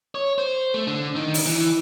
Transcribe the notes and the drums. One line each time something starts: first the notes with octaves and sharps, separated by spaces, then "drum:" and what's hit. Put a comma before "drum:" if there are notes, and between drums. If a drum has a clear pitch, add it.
C#5
C5
A3
D3
D#3
drum: open hi-hat
E3